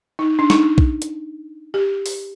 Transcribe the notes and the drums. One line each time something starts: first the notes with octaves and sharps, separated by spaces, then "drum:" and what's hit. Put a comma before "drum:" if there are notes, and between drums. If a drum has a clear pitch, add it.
D#4
D4
D#4, drum: snare
drum: kick B1
drum: hi-hat
G4
drum: open hi-hat